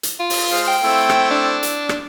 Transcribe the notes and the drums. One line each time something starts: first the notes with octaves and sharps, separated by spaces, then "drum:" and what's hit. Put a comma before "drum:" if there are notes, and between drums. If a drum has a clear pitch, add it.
drum: hi-hat
F4
drum: open hi-hat
G#3 C5 F5
G5
A3 C4 E4
drum: rim click
D4
drum: hi-hat
drum: rim click